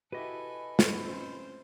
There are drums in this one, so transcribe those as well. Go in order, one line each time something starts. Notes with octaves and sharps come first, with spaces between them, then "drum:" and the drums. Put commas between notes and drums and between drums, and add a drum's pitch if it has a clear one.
E4 F#4 G4 A4 B4 D#5 G#5 B5
drum: snare
C4 C#4 C5